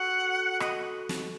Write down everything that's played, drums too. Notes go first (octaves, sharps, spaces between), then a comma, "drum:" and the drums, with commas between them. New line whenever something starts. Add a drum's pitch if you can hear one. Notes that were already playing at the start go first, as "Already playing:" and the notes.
Already playing: F#4 A4 F#5
D#5, drum: rim click
drum: snare